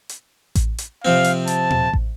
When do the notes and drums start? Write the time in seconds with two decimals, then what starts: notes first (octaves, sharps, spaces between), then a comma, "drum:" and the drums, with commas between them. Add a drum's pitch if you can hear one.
0.09 drum: hi-hat
0.55 drum: kick A1, hi-hat
0.78 drum: hi-hat
1.05 C3 F3 C4 F5
1.24 drum: hi-hat
1.47 A5, drum: hi-hat
1.70 drum: tom A#2
1.93 drum: kick A1